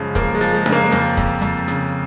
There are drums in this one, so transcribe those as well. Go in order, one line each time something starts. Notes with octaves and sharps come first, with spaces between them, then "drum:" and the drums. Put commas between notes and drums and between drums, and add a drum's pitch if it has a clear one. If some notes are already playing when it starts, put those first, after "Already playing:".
Already playing: F#2 C#3 F3 G#3
F3 A#3, drum: kick, hi-hat
G#3
F3, drum: hi-hat
G#3
C#3, drum: snare D4
A#3
G#3
F2 A#3, drum: hi-hat
F2, drum: kick, hi-hat
F2, drum: hi-hat
C#3, drum: hi-hat